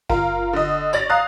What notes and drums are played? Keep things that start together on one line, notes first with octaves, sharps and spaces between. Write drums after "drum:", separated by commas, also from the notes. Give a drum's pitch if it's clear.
F4 A#4, drum: kick G1
D3 D#5
C#5 D5 A6 A#6, drum: tambourine
F5 A#5 D#6 F#6